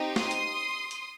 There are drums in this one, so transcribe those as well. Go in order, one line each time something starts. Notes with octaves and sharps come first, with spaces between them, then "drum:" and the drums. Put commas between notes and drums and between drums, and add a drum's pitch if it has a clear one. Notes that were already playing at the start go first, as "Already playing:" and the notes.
Already playing: C4 D#4 G4
C6 D#6, drum: snare
drum: hi-hat
drum: hi-hat